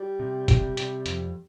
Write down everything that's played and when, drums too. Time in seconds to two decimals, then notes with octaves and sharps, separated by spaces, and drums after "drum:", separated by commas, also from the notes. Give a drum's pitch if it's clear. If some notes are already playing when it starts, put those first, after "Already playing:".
Already playing: G3
0.20 C3
0.48 C3, drum: kick, hi-hat
0.77 C3, drum: hi-hat
1.06 F2, drum: hi-hat